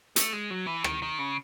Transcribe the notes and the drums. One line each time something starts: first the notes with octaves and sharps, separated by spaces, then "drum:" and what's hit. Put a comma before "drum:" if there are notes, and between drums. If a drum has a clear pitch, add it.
A3, drum: hi-hat
G#3
F#3
E3
D#3, drum: rim click
D#3
C#3